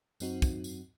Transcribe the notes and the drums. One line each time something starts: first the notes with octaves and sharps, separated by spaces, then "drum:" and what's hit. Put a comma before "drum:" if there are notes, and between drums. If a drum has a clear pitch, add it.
F#2 F#3 C4 D#4 F#4, drum: tambourine
drum: kick, tambourine
drum: tambourine